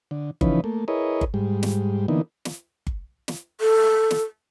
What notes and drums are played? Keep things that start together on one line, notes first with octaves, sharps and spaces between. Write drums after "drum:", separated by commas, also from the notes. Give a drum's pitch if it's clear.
D3
C#3 E3 F3 C#4 D#4 B4, drum: kick G1
A3 A#3
E4 G#4 A#4 B4 C#5 D#5
drum: kick G1
G#2 G3
drum: snare
D3 E3 A#3 B3 D#4
drum: snare
drum: kick G1
drum: snare
A4
drum: snare